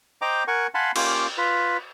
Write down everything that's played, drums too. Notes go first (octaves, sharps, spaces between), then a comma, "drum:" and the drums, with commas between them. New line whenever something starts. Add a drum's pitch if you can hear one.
C5 D#5 G5 A#5 D6
A#4 F#5 G#5 C#6
F5 F#5 G#5 A5 B5 C6
A#3 C#4 F4 G4 C6 D6, drum: cymbal
F4 B4